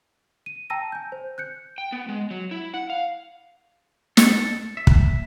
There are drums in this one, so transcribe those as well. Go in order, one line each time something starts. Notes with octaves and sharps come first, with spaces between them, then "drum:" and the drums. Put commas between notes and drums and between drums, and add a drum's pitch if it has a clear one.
D#7
G5 A5 A#5 E6 A#6 D#7
G#5 G6
C5
F#6 G6 C#7
G5
B3
G#3
F#3
E4
F#5
F5
A4, drum: snare
E5
drum: kick